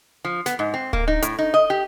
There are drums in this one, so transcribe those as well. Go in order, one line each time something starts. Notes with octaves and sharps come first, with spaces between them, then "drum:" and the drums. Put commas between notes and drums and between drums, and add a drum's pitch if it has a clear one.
F3
B3, drum: snare
G#2
C4
A#3, drum: kick D1
D#4
A2, drum: hi-hat
D#4
D#5
G4